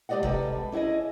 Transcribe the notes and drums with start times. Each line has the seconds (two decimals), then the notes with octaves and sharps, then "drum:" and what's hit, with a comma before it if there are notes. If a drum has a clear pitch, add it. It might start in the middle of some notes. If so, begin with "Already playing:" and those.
0.09 G#3 A3 G4 D5 D#5 F#5
0.23 C3 G3 G#3 A4 B4, drum: kick
0.72 C#4 E4 G4 G#4 D#5